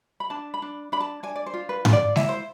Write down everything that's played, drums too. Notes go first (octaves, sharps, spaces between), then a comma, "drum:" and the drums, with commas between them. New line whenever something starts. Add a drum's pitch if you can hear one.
B5
D4 A5
B5
D4
D4 B5
A5
D4 G#5
D5
C5
F4
B4
F4, drum: tom G#2
D5
E4 E5, drum: snare G#3
C5